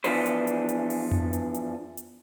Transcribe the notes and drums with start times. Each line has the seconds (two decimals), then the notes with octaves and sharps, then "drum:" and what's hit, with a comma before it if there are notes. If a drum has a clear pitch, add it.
0.04 E3 F3 B3 D4 B4 C5, drum: open hi-hat
0.26 drum: hi-hat
0.47 drum: hi-hat
0.69 drum: hi-hat
0.90 drum: open hi-hat
1.11 drum: tom F2
1.33 drum: hi-hat
1.54 drum: hi-hat
1.97 drum: hi-hat